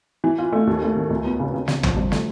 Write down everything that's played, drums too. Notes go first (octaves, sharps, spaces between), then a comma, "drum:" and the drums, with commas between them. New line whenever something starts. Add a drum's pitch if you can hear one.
E3
F4
A3
D#2
A3
D#3
C#2
B3
C#3
C#3
C#3, drum: snare
F3, drum: tom
G2
A3, drum: snare